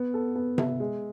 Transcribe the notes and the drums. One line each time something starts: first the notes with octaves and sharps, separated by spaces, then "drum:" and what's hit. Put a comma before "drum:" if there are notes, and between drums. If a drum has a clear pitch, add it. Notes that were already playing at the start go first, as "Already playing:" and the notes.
Already playing: B3
A4
B3
E5, drum: tom C3
G#3